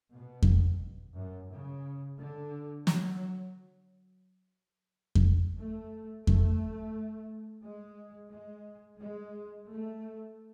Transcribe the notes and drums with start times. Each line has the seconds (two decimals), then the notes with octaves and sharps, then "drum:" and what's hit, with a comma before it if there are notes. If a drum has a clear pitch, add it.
0.14 B2
0.42 drum: kick F2
1.16 F#2
1.51 C#3
2.18 D3
2.87 F#3, drum: snare
5.15 drum: kick F2
5.60 A3
6.27 A3, drum: kick F2
7.64 G#3
8.31 G#3
9.00 G#3
9.68 A3